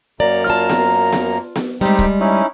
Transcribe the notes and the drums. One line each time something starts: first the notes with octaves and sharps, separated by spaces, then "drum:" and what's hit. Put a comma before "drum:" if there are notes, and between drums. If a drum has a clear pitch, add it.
F#2 A#3 D5 A#5
F4 A5
drum: snare B3
drum: snare B3
drum: snare B3
G3 G#3 C4 D#4 G4
drum: kick
C#4 D#4 E4